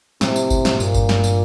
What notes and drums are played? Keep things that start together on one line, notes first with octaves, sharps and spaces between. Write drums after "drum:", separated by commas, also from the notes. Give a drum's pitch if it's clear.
A2 C3, drum: snare
drum: tambourine
drum: kick G1, tambourine
drum: snare
G2 A#2, drum: tambourine
drum: kick G1, tambourine
drum: snare
drum: tambourine